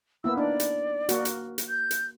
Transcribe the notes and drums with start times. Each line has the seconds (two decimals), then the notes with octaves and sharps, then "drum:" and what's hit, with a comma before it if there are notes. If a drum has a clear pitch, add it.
0.24 A#3 B3 E4 E6
0.37 D4 D#4 D5
0.60 drum: hi-hat
1.09 A#3 F#4, drum: hi-hat
1.25 drum: hi-hat
1.58 drum: hi-hat
1.69 G6
1.91 drum: hi-hat